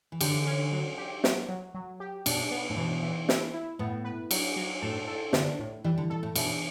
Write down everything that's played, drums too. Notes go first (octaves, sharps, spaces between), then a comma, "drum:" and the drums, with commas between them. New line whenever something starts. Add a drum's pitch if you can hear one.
E3
D3 G4, drum: cymbal
C#4
F#3
G4
F#3, drum: snare
F#3
F#3
G4
B2 D4, drum: cymbal
B3
A2
B2 E3
E3
E4, drum: snare
E4
A2 B3
B4
F#3, drum: cymbal
F#3
A2 A4
A4
D3 D4, drum: snare
A2
E3 G3
D3
B2 A4
A2
B2 E3, drum: cymbal